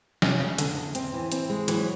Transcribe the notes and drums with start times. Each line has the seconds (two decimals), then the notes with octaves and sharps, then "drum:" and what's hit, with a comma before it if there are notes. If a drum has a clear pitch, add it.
0.22 C3 C#4, drum: snare
0.40 C#3 G#3
0.58 E2 D3, drum: hi-hat
0.76 E2
0.95 C4, drum: hi-hat
1.14 E3
1.32 C4, drum: hi-hat
1.50 G#3
1.68 E3 F#3, drum: hi-hat